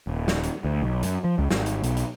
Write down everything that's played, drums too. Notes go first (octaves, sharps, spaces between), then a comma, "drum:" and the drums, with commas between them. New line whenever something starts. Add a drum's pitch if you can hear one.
D#1
drum: snare
drum: hi-hat
D2
B1
F#2, drum: hi-hat
F3
C#2
G#1, drum: snare
drum: hi-hat
B1, drum: hi-hat
drum: hi-hat